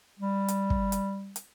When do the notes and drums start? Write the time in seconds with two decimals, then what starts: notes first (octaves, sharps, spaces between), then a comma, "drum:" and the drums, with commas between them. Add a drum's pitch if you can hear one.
0.19 G3
0.48 drum: hi-hat
0.70 drum: kick
0.92 drum: hi-hat
1.36 drum: hi-hat